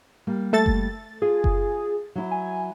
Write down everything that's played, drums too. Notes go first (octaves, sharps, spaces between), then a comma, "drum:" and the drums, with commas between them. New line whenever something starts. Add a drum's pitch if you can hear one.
G3 A#3
A3 A4 A6
drum: kick F#1
F4 G#4
drum: kick F#1
F#3 E4
G#5